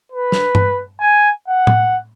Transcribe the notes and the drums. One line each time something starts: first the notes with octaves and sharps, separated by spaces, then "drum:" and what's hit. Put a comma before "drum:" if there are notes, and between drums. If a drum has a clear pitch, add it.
B4
drum: snare
drum: tom G2
G#5
F#5
drum: tom